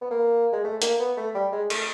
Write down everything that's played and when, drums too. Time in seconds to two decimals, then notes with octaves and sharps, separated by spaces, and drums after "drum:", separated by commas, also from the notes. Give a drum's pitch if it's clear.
0.01 B3
0.11 A#3
0.53 G#3
0.64 A3
0.82 A#3, drum: hi-hat
0.99 B3
1.17 A3
1.35 G3
1.52 G#3
1.70 A3, drum: cymbal